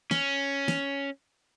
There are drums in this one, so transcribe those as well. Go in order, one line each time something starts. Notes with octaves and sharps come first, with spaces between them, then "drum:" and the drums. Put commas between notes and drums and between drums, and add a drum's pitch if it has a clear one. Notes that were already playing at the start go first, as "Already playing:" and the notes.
C#4, drum: snare
drum: snare